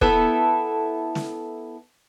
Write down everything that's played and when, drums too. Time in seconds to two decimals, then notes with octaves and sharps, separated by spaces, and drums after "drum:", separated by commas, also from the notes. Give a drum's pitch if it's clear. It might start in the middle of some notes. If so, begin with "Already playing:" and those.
0.01 B3 E4 A4, drum: kick
1.15 drum: snare